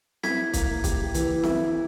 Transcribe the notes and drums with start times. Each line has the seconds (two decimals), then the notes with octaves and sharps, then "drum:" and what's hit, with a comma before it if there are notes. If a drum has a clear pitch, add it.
0.23 E4 G#6 B6, drum: snare C4
0.53 A#3, drum: kick, hi-hat
0.84 G4, drum: kick, hi-hat
1.14 E3, drum: hi-hat
1.43 E4, drum: snare C4